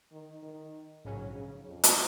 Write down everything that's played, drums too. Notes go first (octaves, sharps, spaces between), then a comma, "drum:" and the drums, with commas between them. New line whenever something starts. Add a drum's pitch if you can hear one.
D#3
D#3
A#1 G#2 C#3 F#3 C#4
C#3
F2
drum: hi-hat